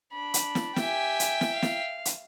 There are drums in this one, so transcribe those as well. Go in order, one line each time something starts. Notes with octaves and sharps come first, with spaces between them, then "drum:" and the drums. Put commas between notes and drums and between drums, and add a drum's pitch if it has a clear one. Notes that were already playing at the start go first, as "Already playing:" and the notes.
D4 B5
drum: hi-hat
drum: snare
G4 E5 G5 G#5, drum: snare
drum: hi-hat
drum: snare
F5
drum: snare
drum: hi-hat